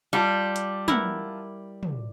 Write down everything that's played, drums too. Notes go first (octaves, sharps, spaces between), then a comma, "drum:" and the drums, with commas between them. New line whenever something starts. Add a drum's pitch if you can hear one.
G3 F4 A5
drum: hi-hat
E4 A#4 F#5, drum: tom
drum: tom